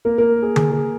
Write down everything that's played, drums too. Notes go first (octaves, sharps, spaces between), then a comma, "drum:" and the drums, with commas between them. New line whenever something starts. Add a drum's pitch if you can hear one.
A#3 A#4
A#3 A#4
G#4
G#4, drum: tom D3
G#4